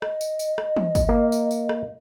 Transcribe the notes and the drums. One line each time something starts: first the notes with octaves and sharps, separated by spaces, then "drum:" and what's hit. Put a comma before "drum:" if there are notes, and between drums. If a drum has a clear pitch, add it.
D#5, drum: rim click
drum: tambourine
drum: tambourine
drum: rim click
drum: tom E3
drum: kick, tambourine
A#3
drum: tambourine
drum: tambourine
drum: rim click